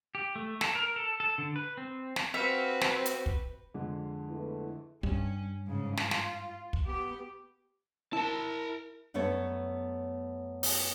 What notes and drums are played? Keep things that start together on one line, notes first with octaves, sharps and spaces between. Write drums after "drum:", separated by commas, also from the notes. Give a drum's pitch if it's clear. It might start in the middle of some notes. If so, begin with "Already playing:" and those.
G4
A3
A4, drum: snare
A#4
A4
A4
D3
B4
C4
drum: snare
C4 F#4 G4 B4 E5 F5
drum: snare
drum: hi-hat
drum: kick
F2 D3 G#3
A3 B3 E4
G2 C#4, drum: kick
G#2 C#3
F4, drum: snare
drum: snare
drum: kick
B3 G4
E4 A#4 A5
F#2 A3 B3 A4 C#5
drum: open hi-hat